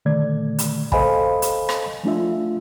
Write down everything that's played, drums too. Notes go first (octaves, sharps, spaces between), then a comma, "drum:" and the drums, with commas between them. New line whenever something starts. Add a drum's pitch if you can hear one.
A#2 D3 D#3 A3 D5 G#6
drum: hi-hat
A4 C5 D#5 F5 G#5 B5, drum: kick
drum: hi-hat
drum: rim click
F3 A3 D4 F4 E5